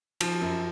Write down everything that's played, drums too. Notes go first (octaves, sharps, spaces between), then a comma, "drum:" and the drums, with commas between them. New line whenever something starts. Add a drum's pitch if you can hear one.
F3, drum: cymbal
F#2